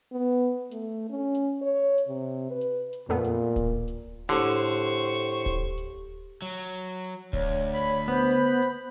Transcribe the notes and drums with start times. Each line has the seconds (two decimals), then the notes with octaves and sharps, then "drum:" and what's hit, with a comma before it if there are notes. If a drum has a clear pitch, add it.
0.12 B3
0.71 A3, drum: hi-hat
1.10 C#4
1.35 drum: hi-hat
1.62 C#5
1.98 drum: hi-hat
2.08 C3
2.50 B4
2.61 drum: hi-hat
2.93 drum: hi-hat
3.09 F2 A#2 A3 B3
3.24 drum: hi-hat
3.56 drum: kick D1, hi-hat
3.88 drum: hi-hat
4.29 A2 D3 G4 C5 C#6
4.51 drum: hi-hat
5.14 drum: hi-hat
5.46 drum: kick D1, hi-hat
5.78 drum: hi-hat
6.42 F#3, drum: hi-hat
6.73 drum: hi-hat
7.04 drum: hi-hat
7.33 D2 C#5, drum: kick D1, hi-hat
7.73 C#5 B5
8.08 B3 C5
8.31 drum: hi-hat
8.62 drum: hi-hat